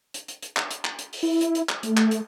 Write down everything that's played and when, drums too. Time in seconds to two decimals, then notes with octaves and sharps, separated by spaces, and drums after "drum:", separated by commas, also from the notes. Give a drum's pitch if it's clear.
0.14 drum: hi-hat
0.28 drum: hi-hat
0.42 drum: hi-hat
0.57 drum: clap
0.71 drum: hi-hat
0.85 drum: clap
0.99 drum: hi-hat
1.13 drum: open hi-hat
1.23 E4
1.41 drum: hi-hat
1.55 drum: hi-hat
1.69 drum: clap
1.83 A3, drum: hi-hat
1.97 drum: clap
2.11 drum: hi-hat